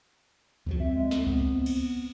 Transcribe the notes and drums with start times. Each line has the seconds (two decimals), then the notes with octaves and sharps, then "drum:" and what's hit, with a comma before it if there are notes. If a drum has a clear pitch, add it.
0.66 E2 F3 F#3, drum: kick C#2
0.80 C4 E5
0.96 G#3
1.11 drum: snare
1.26 B3, drum: kick C#2
1.66 drum: cymbal